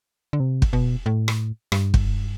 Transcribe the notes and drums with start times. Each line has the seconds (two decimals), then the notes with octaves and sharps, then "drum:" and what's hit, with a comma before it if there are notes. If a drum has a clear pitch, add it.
0.33 D3
0.40 C3
0.62 drum: kick
0.73 B2
1.06 A2
1.28 drum: rim click
1.72 G2, drum: rim click
1.94 drum: kick